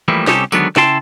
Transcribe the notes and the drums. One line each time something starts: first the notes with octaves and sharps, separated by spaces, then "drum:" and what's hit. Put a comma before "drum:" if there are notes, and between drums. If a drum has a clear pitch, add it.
E3 F3 G3 A3 A#3 E4
C2 C3 C#4 D#4 G4 A4, drum: snare
D3 D#3 F#3 G#3 B3 D4, drum: tambourine
C#3 C#4 E4 G5 A5 C6, drum: snare